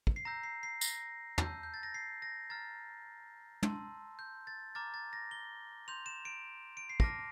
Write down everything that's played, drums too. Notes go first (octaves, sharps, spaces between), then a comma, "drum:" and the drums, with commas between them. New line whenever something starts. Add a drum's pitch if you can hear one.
drum: kick
C7
A#5 E6 G6 A#6
C7
C7
A#6, drum: tambourine
A5 E6 G6, drum: tom
G6
A6
A#6
C7
A#6
A#5 F6 A6
A5 C6 E6, drum: tom
G6
A6
A#5 D6 F6 A6
A6
A#6
G7
C6 G6 F7
E7
D7
D7
C7
A5 D6 F6 A#6, drum: kick